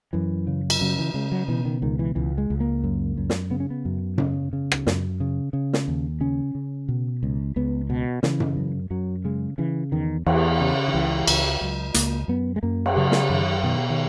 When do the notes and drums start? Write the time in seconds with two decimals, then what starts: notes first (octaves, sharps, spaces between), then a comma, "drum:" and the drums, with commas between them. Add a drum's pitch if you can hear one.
0.13 F#2 E3
0.47 C#3
0.70 drum: cymbal
0.81 C#3 F#3
0.98 E3
1.14 C#3 G#3
1.32 F#3
1.48 B2 E3
1.65 D#3
1.82 C#2 D#3
1.99 E3
2.15 C#2 E3
2.38 G#3
2.50 C#2
2.60 A#3
2.84 F#2
3.18 F#2
3.30 drum: snare
3.50 C#3 B3
3.60 C#4
3.70 B3
3.85 F#2
4.18 C#3, drum: tom F#2
4.53 C#3
4.72 drum: rim click
4.87 F#2, drum: snare
5.20 C#3
5.53 C#3
5.73 drum: snare
5.88 D#2
6.20 C#3 C#4
6.55 C#3
6.88 B2
7.23 C#2
7.56 C#2 B3
7.90 B2
8.23 C#3 E3, drum: snare
8.40 drum: tom F#2
8.57 F#2
8.90 F#2 F#3
9.24 C#3 G#3
9.58 C#3 E3
9.92 E2 D#3
10.26 E2 E3, drum: cymbal
10.60 C#3
10.88 D#3
10.93 C#2 E3
11.28 C#2, drum: cymbal
11.61 C#2 F#3
11.94 C#2 A#3, drum: hi-hat
12.28 F#2 B3
12.56 G#3
12.63 F#2 A#3
12.86 drum: cymbal
12.97 C#3 F#3
13.12 drum: snare
13.29 F#2 D#3
13.63 B2 D#3
13.90 D#3